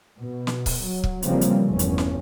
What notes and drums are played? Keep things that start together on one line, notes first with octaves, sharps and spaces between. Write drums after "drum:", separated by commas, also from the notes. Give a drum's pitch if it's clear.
B2
drum: snare
drum: kick, open hi-hat
F#3
drum: kick
C#3 E3 F3 G3 A#3 C4, drum: hi-hat
drum: hi-hat
F1 E2 G2 F3 C#4
drum: hi-hat
drum: snare